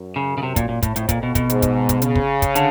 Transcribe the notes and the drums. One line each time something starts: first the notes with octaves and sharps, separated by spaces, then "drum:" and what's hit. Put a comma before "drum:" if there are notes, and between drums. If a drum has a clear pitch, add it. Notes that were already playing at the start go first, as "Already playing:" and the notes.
Already playing: F#2
C#3
C#3
C3
A#2, drum: kick, hi-hat
A#2
A2, drum: kick, hi-hat
F2 A2, drum: hi-hat
A#2, drum: kick, hi-hat
B2
B2, drum: kick, hi-hat
G#2, drum: hi-hat
drum: kick, hi-hat
drum: kick, hi-hat
C#3, drum: hi-hat
drum: kick
drum: kick, hi-hat
D3, drum: hi-hat